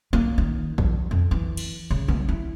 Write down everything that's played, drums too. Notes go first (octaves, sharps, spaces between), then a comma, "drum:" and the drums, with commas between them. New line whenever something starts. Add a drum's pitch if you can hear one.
A#3
D#3
F3, drum: kick A#1
F2
E3
drum: cymbal
C#3
B3, drum: tom
E4